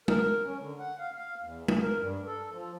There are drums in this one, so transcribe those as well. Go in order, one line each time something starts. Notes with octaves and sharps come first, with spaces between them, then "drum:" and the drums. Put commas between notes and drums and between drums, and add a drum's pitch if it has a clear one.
A#4, drum: tom
C#4
D3
F#5
F5
F5
E2
E3, drum: tom
A#4
G2
A4
F3